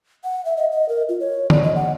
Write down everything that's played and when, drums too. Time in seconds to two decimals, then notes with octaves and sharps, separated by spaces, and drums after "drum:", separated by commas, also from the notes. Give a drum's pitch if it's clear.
0.24 F#5
0.45 E5
0.57 D#5
0.72 D#5
0.89 A#4
1.09 F4
1.20 C#5
1.50 D5, drum: tom D3
1.63 D#5
1.76 F#5